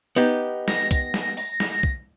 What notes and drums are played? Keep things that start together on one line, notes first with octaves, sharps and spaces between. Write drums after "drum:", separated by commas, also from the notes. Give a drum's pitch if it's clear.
B3 D#4 G4
A#6, drum: snare
drum: kick, hi-hat
drum: snare
drum: open hi-hat
drum: snare
drum: kick